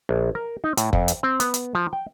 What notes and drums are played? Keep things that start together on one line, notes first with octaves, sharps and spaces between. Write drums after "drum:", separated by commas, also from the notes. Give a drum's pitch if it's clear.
A#1
A#4
D#4
A2, drum: hi-hat
F2, drum: kick F#1
drum: hi-hat
C4
B3, drum: hi-hat
drum: hi-hat
F3
G5